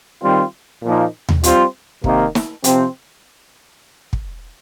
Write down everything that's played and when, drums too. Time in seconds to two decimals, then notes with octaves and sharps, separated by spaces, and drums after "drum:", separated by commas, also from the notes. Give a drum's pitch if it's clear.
0.22 D#3 G3 C4 F4
0.83 A#2 F3 A#3 D#4
1.29 drum: tom D#2
1.43 G3 C4 F4 C5, drum: hi-hat
2.04 C3 D#3 A#3, drum: kick
2.35 drum: snare
2.64 C3 F3 C4, drum: hi-hat
4.13 drum: kick